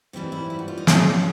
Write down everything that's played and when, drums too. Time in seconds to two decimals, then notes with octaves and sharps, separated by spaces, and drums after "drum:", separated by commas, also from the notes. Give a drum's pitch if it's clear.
0.13 G#2 E3 G3 C4
0.32 E4
0.50 E4
0.59 F#4
0.68 F4
0.78 D#4
0.87 C#4, drum: snare